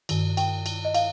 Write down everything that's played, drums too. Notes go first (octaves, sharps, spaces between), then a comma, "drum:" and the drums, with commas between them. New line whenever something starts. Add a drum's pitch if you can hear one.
G2 D#3, drum: cymbal
G5, drum: cymbal
drum: cymbal
D#5
F5, drum: cymbal